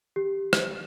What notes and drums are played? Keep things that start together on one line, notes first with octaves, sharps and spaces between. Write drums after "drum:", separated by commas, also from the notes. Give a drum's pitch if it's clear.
G4
drum: rim click